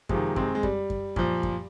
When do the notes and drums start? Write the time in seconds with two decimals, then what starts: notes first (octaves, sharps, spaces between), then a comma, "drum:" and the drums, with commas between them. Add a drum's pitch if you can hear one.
0.09 C3 D#3 F3 G#3, drum: kick F#2
0.36 G#3 C4, drum: kick F#2
0.55 G#3
0.63 G3, drum: kick F#2
0.90 drum: kick F#2
1.16 A#2 F3, drum: kick F#2
1.43 drum: kick F#2